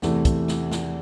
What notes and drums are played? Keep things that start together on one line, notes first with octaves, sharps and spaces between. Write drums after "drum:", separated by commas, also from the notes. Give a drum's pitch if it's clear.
E2 C3 E3 A3, drum: snare
drum: kick, hi-hat
drum: snare
drum: snare